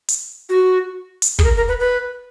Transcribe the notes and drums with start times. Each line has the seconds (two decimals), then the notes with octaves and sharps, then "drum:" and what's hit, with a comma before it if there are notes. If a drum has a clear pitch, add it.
0.08 drum: hi-hat
0.49 F#4
1.22 drum: hi-hat
1.39 G#4, drum: kick
1.44 A#4
1.57 A#4
1.68 B4
1.80 B4